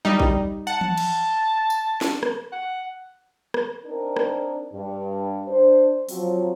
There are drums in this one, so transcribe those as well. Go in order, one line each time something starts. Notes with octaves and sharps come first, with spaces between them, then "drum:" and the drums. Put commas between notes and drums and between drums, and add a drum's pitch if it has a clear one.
G3 D#4
drum: kick A#1
F#5 A5
drum: tom E3
drum: cymbal
drum: tambourine
drum: snare
drum: rim click
F#5
drum: rim click
C4 D4 D#4 A#4
drum: rim click
G2
D4 C5
F3 F#3 C4, drum: open hi-hat